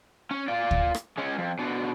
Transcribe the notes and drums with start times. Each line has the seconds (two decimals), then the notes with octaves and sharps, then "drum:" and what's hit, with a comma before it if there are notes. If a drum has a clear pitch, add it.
0.31 C#4
0.48 F4 D5
0.71 drum: kick
0.95 drum: rim click
1.18 G#3 C#4
1.38 F2
1.59 B2 D3